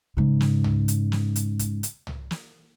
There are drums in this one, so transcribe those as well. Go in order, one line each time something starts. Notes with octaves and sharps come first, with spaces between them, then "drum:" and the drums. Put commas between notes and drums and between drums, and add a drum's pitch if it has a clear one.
G#2 C#3
drum: snare
drum: tom
drum: hi-hat
drum: snare
drum: hi-hat
drum: kick, hi-hat
drum: hi-hat
drum: tom
drum: snare